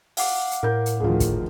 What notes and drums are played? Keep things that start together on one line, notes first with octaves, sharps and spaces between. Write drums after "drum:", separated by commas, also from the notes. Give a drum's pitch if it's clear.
F5 F#5 D6, drum: open hi-hat
drum: hi-hat
A2 A#4 G6
drum: hi-hat
D2 D#3 F3 F4 G#4
drum: kick, hi-hat